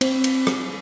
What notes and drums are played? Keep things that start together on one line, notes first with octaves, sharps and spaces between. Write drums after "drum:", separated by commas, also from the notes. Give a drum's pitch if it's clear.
C4, drum: cymbal
drum: cymbal
drum: rim click